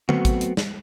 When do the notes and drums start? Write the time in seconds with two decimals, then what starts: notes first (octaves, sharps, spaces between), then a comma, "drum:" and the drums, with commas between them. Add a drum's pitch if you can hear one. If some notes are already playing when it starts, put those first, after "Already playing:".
0.09 F#3 A3 B3 C4 F#4, drum: tom D3
0.25 drum: kick, hi-hat
0.41 drum: hi-hat
0.57 drum: snare